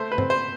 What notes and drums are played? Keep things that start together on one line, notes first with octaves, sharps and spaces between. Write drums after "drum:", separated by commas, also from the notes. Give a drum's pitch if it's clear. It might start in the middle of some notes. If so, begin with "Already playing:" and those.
Already playing: A3 C5
B4
C4, drum: tom
C5